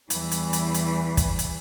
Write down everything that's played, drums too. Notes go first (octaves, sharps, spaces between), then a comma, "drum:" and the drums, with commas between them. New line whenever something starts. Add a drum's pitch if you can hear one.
E2 E3 G3, drum: hi-hat
drum: hi-hat
drum: hi-hat
drum: hi-hat
drum: kick, hi-hat
drum: hi-hat